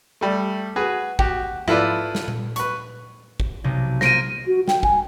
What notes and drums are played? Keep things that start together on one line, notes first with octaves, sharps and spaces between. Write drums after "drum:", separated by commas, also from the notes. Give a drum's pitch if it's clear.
G3 A3
F#4 G#4 B4
F#4 G4, drum: kick
E4 F4 A4 B4 D5, drum: tom
drum: snare
drum: tom A#2
B4 C#6, drum: hi-hat
drum: kick
B1 C3
A#3 F4 C5 A#6 D7 D#7, drum: snare
F#4
G5, drum: snare
G#5, drum: kick